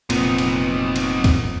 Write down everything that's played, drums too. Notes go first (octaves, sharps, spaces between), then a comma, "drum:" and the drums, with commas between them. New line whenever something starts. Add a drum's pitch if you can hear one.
F1 A#2 B3 C4 D#4, drum: cymbal
drum: cymbal
drum: cymbal
drum: kick D2, cymbal